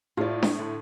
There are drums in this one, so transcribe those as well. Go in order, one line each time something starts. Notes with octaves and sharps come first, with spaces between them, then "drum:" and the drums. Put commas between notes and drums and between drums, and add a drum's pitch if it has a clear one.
A2 F4 D5
drum: snare D4
D3